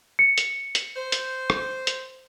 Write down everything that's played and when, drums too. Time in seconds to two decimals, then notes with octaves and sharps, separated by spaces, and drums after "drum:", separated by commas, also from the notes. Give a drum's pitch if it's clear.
0.19 C#7
0.38 drum: hi-hat
0.75 drum: hi-hat
0.96 C5
1.12 drum: hi-hat
1.50 drum: rim click
1.87 drum: hi-hat